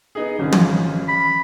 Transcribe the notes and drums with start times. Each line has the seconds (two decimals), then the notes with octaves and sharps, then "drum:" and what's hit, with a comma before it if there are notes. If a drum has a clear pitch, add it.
0.15 B3 D#4 G#4
0.39 G#1 C#3 C#4
0.52 drum: tom
1.08 B5